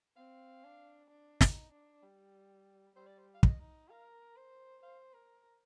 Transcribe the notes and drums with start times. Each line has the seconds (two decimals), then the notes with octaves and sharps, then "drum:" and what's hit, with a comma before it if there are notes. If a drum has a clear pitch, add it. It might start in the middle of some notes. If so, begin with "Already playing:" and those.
0.16 C4 F5
0.64 D4
1.10 D4
1.41 D#4, drum: snare
1.71 D4
2.03 G3
2.96 G3 C5
3.07 D5
3.18 C5
3.34 F5
3.43 D#5, drum: kick
3.58 D#4
3.89 A#4 F5
4.36 C5
4.82 C5 F5
5.13 A#4